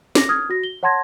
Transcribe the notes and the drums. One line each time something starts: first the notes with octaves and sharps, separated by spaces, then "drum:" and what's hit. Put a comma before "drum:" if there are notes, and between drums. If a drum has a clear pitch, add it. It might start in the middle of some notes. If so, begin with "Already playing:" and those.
D6 A#6, drum: snare
D#6 F6 G#6
F#4 A#6
G7
C#5 F#5 A5 C6 G#6 A#6